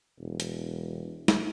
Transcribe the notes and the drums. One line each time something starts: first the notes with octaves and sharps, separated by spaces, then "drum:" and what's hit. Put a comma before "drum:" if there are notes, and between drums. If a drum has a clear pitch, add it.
E1
drum: hi-hat
drum: snare